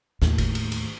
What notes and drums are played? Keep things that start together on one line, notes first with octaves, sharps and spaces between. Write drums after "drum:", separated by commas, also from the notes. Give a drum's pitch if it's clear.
D#2 A2, drum: snare
drum: kick F#1, cymbal
drum: cymbal
drum: cymbal